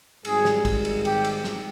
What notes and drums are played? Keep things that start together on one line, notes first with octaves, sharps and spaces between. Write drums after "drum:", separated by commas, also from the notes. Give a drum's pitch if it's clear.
G#1 G#2 G3 G#4, drum: cymbal
drum: snare
drum: kick, cymbal
drum: cymbal
G4, drum: cymbal
drum: cymbal
drum: snare